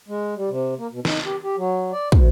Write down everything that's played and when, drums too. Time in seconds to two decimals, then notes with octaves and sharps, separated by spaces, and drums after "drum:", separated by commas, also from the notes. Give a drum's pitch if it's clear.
0.08 G#3
0.36 G3
0.49 C3
0.78 A#3
0.92 B2
1.05 D#4, drum: snare
1.25 G4
1.43 G4
1.58 F#3
1.92 D5
2.12 D2, drum: kick